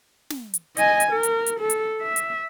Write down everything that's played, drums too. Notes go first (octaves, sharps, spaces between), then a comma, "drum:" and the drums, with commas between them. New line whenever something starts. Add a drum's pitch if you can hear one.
drum: snare
drum: hi-hat
D#5 G#5, drum: hi-hat
drum: hi-hat
A#4
drum: hi-hat
drum: hi-hat
A4
drum: hi-hat
E5
drum: hi-hat